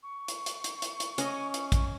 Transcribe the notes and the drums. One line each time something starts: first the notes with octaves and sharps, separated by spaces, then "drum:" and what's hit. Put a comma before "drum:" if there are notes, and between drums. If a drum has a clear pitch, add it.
C#6
drum: hi-hat
drum: hi-hat
drum: hi-hat
drum: hi-hat
drum: hi-hat
C#4 D#5, drum: hi-hat
drum: hi-hat
drum: kick A#1, hi-hat